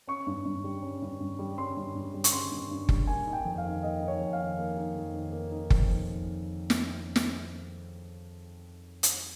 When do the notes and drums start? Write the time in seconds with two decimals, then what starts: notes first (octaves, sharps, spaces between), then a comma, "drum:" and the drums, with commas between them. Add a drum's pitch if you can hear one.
0.07 C#4 C#6
0.27 G2
0.45 G2
0.64 G3
0.82 C#4
1.02 G2
1.20 G2
1.39 G3
1.58 C#4 C6
1.77 G2
1.95 G2
2.14 G3
2.24 C#6, drum: hi-hat
2.32 C#4 C6
2.52 G2
2.71 G2
2.89 G3, drum: kick F#1
3.07 A#3 G#5
3.27 D#4
3.33 G5
3.45 F2
3.58 F5
3.65 D#3
3.83 A#3 D#5
4.02 D#4
4.08 C#5
4.20 F2
4.33 F5
4.39 D#3
4.58 A#3
4.77 D#4
4.95 F2
5.14 D#3
5.32 A#3
5.52 D#4
5.70 F2, drum: kick F#1
5.89 D#3
6.70 drum: snare
7.16 drum: snare
9.03 drum: hi-hat